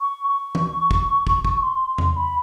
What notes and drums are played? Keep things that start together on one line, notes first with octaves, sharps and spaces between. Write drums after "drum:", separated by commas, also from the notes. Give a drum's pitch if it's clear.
C#6
C#6
drum: tom E3
drum: kick
drum: kick
drum: kick
C6
drum: tom E2
B5